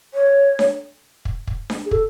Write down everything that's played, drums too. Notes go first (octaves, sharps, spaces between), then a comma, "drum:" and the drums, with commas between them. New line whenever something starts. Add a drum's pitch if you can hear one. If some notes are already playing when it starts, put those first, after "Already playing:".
C#5
drum: snare D4
drum: kick
drum: kick
drum: snare D4
G#4
A4, drum: kick